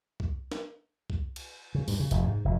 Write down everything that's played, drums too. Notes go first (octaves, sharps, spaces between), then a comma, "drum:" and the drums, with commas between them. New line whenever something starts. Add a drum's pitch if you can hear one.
drum: kick C2
drum: snare
drum: kick C2
drum: cymbal
C#3
G2, drum: open hi-hat
C#3
F1, drum: hi-hat
G#2
F1